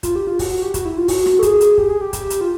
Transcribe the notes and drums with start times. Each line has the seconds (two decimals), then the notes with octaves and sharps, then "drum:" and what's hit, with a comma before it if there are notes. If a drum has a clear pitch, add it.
0.03 F4, drum: kick, hi-hat
0.16 G4
0.27 F4
0.39 F#4, drum: kick, open hi-hat
0.51 F#4
0.62 G4
0.74 F#4, drum: kick, hi-hat
0.85 E4
0.97 F4
1.08 F#4, drum: kick, open hi-hat
1.26 drum: rim click
1.39 A4
1.43 G#4, drum: kick, hi-hat
1.61 drum: hi-hat
1.78 G4, drum: kick
1.90 G#4
2.01 G4
2.13 drum: kick, hi-hat
2.30 drum: hi-hat
2.41 F4